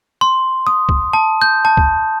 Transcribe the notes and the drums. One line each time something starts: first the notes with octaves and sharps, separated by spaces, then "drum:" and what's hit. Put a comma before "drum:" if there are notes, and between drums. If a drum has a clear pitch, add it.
C6
D#6
drum: kick
A5
G6
A5
drum: kick